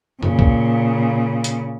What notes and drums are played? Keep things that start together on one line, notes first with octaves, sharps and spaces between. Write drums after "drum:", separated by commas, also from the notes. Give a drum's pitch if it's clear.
A#2 C#3, drum: tom F#2
drum: kick
drum: hi-hat